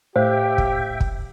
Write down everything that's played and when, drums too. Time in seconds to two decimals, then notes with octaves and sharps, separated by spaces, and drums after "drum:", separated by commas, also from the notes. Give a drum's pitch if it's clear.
0.16 A2 G4 C5 E5 F5 G5
0.58 drum: kick
1.00 drum: kick